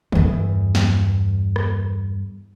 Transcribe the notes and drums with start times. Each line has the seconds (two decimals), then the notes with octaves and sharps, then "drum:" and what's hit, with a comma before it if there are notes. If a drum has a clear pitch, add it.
0.12 E2 G2, drum: tom D3
0.75 drum: snare
1.56 drum: rim click